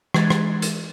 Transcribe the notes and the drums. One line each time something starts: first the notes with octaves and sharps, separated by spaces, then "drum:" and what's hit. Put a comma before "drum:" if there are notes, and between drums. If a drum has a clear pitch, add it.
E3 G#3 G#6 A6, drum: rim click
drum: rim click
drum: hi-hat